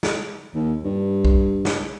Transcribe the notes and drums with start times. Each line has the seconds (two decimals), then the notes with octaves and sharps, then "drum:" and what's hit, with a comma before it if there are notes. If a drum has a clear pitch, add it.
0.03 drum: snare
0.54 D#2
0.84 G2
1.25 drum: kick B1
1.65 drum: snare